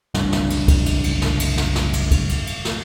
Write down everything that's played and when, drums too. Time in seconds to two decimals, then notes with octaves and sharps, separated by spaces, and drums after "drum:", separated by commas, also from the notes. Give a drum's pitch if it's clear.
0.14 F#1 C2 G3 D4, drum: snare
0.32 drum: snare
0.50 drum: cymbal
0.68 drum: kick, cymbal
0.86 drum: cymbal
1.04 drum: cymbal
1.22 drum: snare
1.40 drum: cymbal
1.58 drum: snare
1.75 drum: snare
1.93 drum: cymbal
2.11 drum: kick, cymbal
2.29 drum: cymbal
2.47 drum: cymbal
2.65 drum: snare